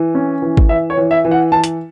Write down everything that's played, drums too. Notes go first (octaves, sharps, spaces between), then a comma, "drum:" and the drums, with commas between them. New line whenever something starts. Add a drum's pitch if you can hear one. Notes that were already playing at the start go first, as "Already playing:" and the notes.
Already playing: E3
C#4
E3
drum: kick G#1
E3 E5
C#5
E3
E5
E3
F#5
E3 A5
drum: hi-hat